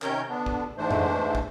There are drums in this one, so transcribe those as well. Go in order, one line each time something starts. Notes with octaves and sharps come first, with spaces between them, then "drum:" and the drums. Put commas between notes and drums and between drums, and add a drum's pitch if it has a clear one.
C3 D#3 C#4 A#4 C#5 G6, drum: clap
D3 B3 D4
drum: kick
G#2 E3 G#3 A3 D4 C5
drum: tom F2
drum: kick